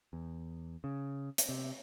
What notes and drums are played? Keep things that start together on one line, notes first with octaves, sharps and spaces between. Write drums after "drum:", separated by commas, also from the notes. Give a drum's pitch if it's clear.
E2
C#3
drum: hi-hat
C3